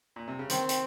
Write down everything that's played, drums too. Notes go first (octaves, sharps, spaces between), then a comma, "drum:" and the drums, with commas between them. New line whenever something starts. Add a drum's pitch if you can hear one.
A#2
C3
C#3
D#3 C4, drum: hi-hat
drum: hi-hat